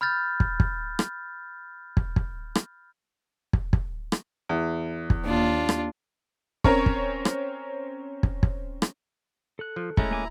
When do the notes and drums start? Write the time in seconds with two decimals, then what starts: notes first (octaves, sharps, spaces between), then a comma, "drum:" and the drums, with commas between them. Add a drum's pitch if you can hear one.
0.01 B5 F6 G6 A6
0.40 drum: kick
0.60 drum: kick
0.99 drum: rim click
1.97 drum: kick
2.16 drum: kick
2.55 drum: rim click
3.53 drum: kick
3.73 drum: kick
4.12 drum: rim click
4.49 E2
5.10 drum: kick
5.25 D#2 D4 F4
5.69 drum: rim click
6.64 C4 C#4 A#4 C#5, drum: kick
6.86 drum: kick
7.25 drum: rim click
8.23 drum: kick
8.43 drum: kick
8.82 drum: rim click
9.59 A4 F#6
9.76 F3
9.97 G#3 A3 C#4 E4 A#5, drum: kick
10.11 A#3 G#5 D6